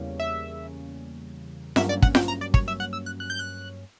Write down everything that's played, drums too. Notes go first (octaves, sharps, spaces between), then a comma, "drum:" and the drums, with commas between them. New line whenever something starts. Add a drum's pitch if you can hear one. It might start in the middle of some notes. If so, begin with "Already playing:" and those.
Already playing: E2 C#3 G3 A#3 C#4
E5
G2 F#3 A#3 C#4 E5, drum: snare F4
D5
F#5, drum: kick
G5, drum: snare F4
A#5
D5
C#5, drum: kick
E5
F#5
E6
F#6
F#6
G6
F#6